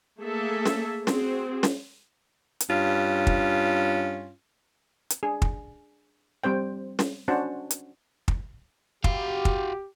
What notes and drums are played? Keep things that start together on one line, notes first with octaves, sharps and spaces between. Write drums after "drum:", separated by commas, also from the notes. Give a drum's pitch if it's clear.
A3 A#3 G#4 A4 E5
drum: snare
C4 F#4 G#4, drum: snare
drum: snare
drum: hi-hat
G2 C#4 F4
drum: kick
drum: hi-hat
D4 G#4
drum: kick
G3 C4 C5 G5
drum: snare
C#4 D4 F#4 C5 F#5 A5
drum: hi-hat
drum: kick
F#4 G4 F5, drum: kick
drum: kick